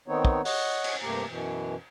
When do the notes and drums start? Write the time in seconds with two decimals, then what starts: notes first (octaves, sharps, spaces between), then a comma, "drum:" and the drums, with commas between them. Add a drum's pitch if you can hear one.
0.08 D#3 B3 C4 D#4 C#5
0.25 drum: kick
0.45 C#5 D#5 F#5, drum: open hi-hat
0.84 drum: cymbal
1.03 G2 C3 A3 A#3 G4 A#5
1.28 F#2 B2 E3